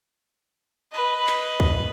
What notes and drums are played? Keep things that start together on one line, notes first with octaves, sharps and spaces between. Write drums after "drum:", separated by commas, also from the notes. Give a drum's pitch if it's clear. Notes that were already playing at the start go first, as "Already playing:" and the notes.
B4 D#5
drum: clap
drum: kick